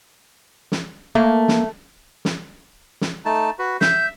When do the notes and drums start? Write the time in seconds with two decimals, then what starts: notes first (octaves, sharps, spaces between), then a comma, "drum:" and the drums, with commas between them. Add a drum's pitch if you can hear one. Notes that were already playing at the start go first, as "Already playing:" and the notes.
0.72 drum: snare
1.15 A3 A#3
1.48 drum: snare
2.25 drum: snare
3.01 drum: snare
3.25 A3 D#4 A5
3.59 F#4 B4
3.81 E5 G6, drum: snare